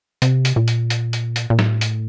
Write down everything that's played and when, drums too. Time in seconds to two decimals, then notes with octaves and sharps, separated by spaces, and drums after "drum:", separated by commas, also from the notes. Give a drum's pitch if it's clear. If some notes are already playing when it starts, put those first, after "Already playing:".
0.22 C3, drum: hi-hat
0.45 drum: hi-hat
0.56 A#2
0.68 drum: hi-hat
0.90 drum: hi-hat
1.13 drum: hi-hat
1.36 drum: hi-hat
1.50 A#2
1.59 A2, drum: snare
1.81 drum: hi-hat